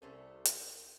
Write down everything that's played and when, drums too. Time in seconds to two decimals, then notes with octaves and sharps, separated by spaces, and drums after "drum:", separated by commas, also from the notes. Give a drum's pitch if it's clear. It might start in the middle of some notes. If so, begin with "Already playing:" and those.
0.02 C2 C3 A3 C#4
0.45 drum: hi-hat